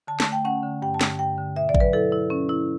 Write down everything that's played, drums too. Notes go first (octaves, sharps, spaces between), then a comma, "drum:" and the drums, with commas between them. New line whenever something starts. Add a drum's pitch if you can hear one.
D3 A5
A5, drum: snare
A3
G5
C#4 F#5
D3
G2 G5
A5
D3, drum: snare
G2 G5
D3
B2 E5
D5
F#3, drum: kick A1
B4
E4 A4
E4
C#4
E4